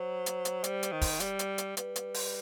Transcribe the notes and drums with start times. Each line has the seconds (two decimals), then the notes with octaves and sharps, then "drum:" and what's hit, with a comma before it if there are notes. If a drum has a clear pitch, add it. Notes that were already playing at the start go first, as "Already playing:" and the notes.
Already playing: F#3 C5
0.26 drum: hi-hat
0.45 drum: hi-hat
0.64 G3, drum: hi-hat
0.83 drum: hi-hat
0.92 D#3
1.01 drum: kick, open hi-hat
1.20 G3, drum: hi-hat
1.39 drum: hi-hat
1.58 drum: hi-hat
1.77 G3 B4, drum: hi-hat
1.96 drum: hi-hat
2.14 drum: open hi-hat